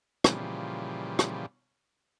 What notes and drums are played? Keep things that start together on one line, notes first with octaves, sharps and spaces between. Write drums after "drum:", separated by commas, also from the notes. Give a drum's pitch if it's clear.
A#2 C#3 E3 F3 G3, drum: rim click
drum: rim click